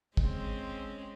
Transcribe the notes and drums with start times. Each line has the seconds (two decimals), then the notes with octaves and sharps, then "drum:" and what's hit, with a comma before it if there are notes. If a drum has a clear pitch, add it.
0.17 G#3 C4 C#4, drum: kick